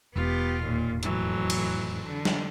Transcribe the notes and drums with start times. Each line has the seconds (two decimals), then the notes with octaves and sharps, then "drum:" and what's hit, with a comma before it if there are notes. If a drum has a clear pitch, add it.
0.16 E1 B3 F4 G4
0.63 D#2 A#2
1.03 F2 A2 E3 F#3, drum: hi-hat
1.50 drum: cymbal
2.05 D3
2.25 drum: snare